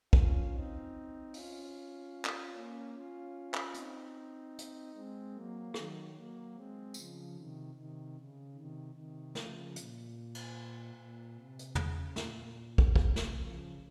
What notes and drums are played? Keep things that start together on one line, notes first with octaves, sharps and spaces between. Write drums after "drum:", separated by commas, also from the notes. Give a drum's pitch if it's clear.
C#4 F4, drum: kick
C4 D#4
C#4 F4, drum: open hi-hat
drum: clap
A#3 C#4
C#4 F4
drum: clap
C4 D#4, drum: hi-hat
drum: hi-hat
G#3 C4
F#3 A#3
D#3 F#3, drum: rim click
F#3 A#3
G#3 C4
C#3 F3, drum: tambourine
C3 D#3
C3 D#3
C#3
C3 D#3
C3 D#3
C#3 F3, drum: snare
A#2, drum: hi-hat
drum: cymbal
A#2
C3
drum: hi-hat
C#3, drum: tom
A#2, drum: snare
drum: kick
C3, drum: kick
drum: snare
C#3 F3